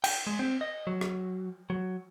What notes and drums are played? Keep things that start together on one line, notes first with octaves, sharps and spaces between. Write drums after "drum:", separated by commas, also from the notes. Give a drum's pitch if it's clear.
G5, drum: cymbal
G#3
C4
D#5
F#3
drum: rim click
F#3